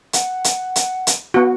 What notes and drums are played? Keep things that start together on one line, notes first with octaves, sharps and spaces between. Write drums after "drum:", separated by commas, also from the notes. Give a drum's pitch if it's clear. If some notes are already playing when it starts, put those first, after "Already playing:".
F#5, drum: hi-hat
drum: hi-hat
drum: hi-hat
drum: hi-hat
B3 F#4